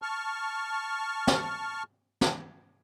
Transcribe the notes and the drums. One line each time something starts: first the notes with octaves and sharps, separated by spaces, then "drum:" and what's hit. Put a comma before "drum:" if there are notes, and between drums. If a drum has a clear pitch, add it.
A5 C#6 F6
drum: snare
drum: snare